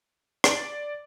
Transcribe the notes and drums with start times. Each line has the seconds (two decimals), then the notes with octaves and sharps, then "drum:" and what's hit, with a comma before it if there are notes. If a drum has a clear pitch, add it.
0.44 D5, drum: rim click